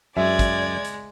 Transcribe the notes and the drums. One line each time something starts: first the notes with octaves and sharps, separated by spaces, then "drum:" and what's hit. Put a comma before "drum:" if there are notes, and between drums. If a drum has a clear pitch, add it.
F#2 G#3 D5 E5 G#6
drum: kick, hi-hat
drum: hi-hat